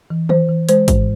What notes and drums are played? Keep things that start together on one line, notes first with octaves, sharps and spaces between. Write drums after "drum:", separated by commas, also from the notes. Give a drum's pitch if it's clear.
E3
E3 C5, drum: tom
E3
G#3 C5, drum: hi-hat
G#2, drum: kick, hi-hat